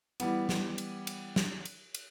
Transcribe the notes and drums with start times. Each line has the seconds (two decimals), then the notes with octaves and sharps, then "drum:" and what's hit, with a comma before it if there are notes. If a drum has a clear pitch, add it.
0.20 E3 G3 B3, drum: cymbal
0.49 drum: snare
0.78 drum: cymbal
1.07 drum: cymbal
1.36 drum: snare
1.65 drum: cymbal
1.95 drum: cymbal